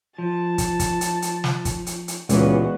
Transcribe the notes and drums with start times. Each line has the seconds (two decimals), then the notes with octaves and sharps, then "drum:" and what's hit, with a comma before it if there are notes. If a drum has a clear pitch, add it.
0.18 F3 A5
0.58 drum: kick, hi-hat
0.79 drum: kick, hi-hat
1.01 drum: hi-hat
1.22 drum: hi-hat
1.44 drum: snare
1.65 drum: kick, hi-hat
1.87 drum: hi-hat
2.08 drum: hi-hat
2.29 C#2 A#2 E3 G#3 B3 F#4, drum: hi-hat